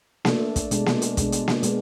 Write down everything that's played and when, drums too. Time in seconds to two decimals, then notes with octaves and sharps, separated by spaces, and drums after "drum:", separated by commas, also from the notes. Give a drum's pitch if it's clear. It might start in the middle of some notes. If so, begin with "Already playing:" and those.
0.25 A3 D4 A4, drum: snare A#3
0.56 drum: kick, hi-hat
0.71 B2 G#3 D4, drum: hi-hat
0.86 drum: snare A#3
1.02 drum: hi-hat
1.17 B2 G#3 D4, drum: kick, hi-hat
1.32 drum: hi-hat
1.48 drum: snare A#3
1.63 B2 G#3 B3, drum: hi-hat